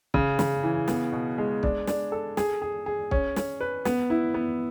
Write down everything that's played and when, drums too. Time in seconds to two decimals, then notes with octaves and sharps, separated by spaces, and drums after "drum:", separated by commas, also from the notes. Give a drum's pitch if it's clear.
0.14 C#3, drum: kick
0.39 C#3, drum: snare
0.63 E3
0.88 B3, drum: snare
1.12 B2
1.38 G#3
1.63 D4, drum: kick
1.87 D4, drum: snare
2.12 A4
2.37 G#4, drum: snare
2.62 G#4
2.86 G#4
3.11 C#4, drum: kick
3.36 C#4, drum: snare
3.61 B4
3.85 B3, drum: snare
4.10 E4
4.34 B3